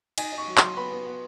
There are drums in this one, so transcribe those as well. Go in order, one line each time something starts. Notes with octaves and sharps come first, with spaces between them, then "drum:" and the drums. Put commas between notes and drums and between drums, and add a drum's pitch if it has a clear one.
D#4 G#5, drum: cymbal
D#4
C#6
F#3
F#3 C6, drum: clap
B3 B5
B3
B3